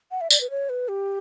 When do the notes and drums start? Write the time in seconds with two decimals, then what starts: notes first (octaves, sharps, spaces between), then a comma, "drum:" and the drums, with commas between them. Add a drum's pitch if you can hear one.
0.11 F#5
0.21 E5
0.31 D5, drum: tambourine
0.41 B4
0.50 C#5
0.69 B4
0.88 G4